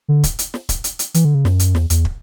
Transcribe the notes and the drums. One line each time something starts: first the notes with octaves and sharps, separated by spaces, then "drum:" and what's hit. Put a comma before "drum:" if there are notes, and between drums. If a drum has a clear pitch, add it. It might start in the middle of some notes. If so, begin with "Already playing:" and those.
D3
drum: kick, hi-hat
drum: hi-hat
drum: snare
drum: kick, hi-hat
drum: hi-hat
drum: hi-hat
E3, drum: hi-hat
D3
C#3
F#2, drum: snare
drum: hi-hat
E2, drum: snare
E2, drum: hi-hat
drum: kick